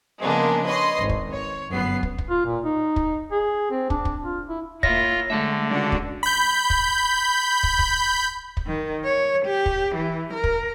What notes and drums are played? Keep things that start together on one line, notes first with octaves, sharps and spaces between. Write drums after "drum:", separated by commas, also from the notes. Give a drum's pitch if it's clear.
C#3 F3 G#3 A#3 B3 D4
B4 C#5 D#5 C6
G#1
drum: kick
C#5
G1 F#2 B3 C7
drum: kick
drum: kick
F4
A#2
D#4
drum: kick
G#4
C4
D4, drum: kick
drum: kick
F4
E4
A#3 E4 F4 C#5 E5 A#6, drum: kick
D3 G#3 A3 E5
C#3 G#3 D4 F#4
drum: kick
B5 G6
drum: kick
drum: kick
drum: kick
drum: kick
D#3
C#5
G4
drum: kick
E3
A#4
drum: kick